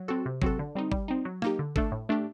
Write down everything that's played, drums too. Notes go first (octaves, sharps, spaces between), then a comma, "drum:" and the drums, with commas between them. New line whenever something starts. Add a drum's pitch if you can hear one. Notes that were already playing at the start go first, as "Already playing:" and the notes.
Already playing: F#3
C4 F#4 A4
C3
F#3 C4 F#4 A4, drum: kick G#1
D3
G3 C4 D#4
G3, drum: kick G#1
C4 D#4
F#3
A#3 D#4 G4, drum: rim click
D3
A3 D4 A4, drum: kick G#1
A2
A3 D4 G4